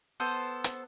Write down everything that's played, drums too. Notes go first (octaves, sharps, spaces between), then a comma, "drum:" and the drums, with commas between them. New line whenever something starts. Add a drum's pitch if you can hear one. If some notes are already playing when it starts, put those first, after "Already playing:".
B3 A4 C5 G6
drum: hi-hat